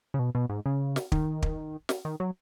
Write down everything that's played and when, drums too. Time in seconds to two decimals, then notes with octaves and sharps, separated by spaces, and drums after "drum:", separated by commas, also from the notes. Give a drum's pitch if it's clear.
0.14 C#3
0.19 B2
0.35 B2
0.49 G#2
0.66 C#3
0.96 drum: snare
1.12 D#3, drum: kick
1.42 drum: kick
1.89 drum: snare
2.05 D#3
2.20 F#3